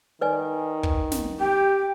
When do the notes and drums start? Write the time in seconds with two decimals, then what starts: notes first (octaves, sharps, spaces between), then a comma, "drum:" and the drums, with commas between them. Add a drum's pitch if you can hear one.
0.21 D#3 B4 D5 G#5
0.83 drum: kick
1.12 drum: snare
1.40 G4 G5